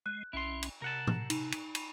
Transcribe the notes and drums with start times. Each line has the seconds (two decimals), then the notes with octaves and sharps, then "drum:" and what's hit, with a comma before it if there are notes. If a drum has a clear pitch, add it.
0.06 G#3 F#6
0.33 B1 C#4 E4 C6
0.63 drum: cymbal
0.82 C3 A#4 F#5 A5
1.07 drum: tom A2
1.30 D#4, drum: cymbal
1.52 drum: cymbal
1.75 drum: cymbal